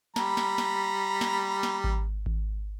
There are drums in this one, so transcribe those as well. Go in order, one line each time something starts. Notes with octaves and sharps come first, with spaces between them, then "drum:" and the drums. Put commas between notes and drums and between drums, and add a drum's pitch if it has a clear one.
G3 A#5 B5, drum: snare
drum: snare
drum: snare
drum: snare
drum: snare
drum: kick G#1
drum: kick G#1